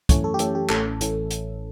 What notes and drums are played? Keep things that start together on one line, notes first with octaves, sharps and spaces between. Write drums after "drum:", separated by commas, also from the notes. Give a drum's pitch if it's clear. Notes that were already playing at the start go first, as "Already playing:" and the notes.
F#2 E3 A3 C#4 C#5, drum: kick, hi-hat
A4
G4
F#2 E3 A3 C#4 A4, drum: hi-hat
G4
A1 A2 E3 A3 C#4 A4, drum: clap
A2 E3 A3 C#4, drum: hi-hat
drum: hi-hat